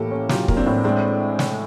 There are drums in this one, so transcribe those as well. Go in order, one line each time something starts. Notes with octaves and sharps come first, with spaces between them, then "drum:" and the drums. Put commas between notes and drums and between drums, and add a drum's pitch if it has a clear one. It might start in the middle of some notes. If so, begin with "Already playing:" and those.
Already playing: A2 E3 A#3 G4 A4
C#4
F#3 F4 G4, drum: snare
A#3, drum: kick
C4 D4
A2
G#3 C4 D4
drum: snare